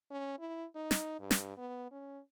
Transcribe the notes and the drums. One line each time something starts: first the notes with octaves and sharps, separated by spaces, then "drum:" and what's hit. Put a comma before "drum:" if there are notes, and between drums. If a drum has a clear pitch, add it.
C#4
E4
D#4
drum: snare
G2
drum: snare
B3
C#4